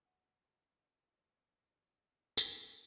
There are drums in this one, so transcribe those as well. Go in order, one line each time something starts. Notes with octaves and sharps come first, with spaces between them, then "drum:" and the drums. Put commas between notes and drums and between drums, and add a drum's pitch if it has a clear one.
A#4 F#5 G#5
drum: tambourine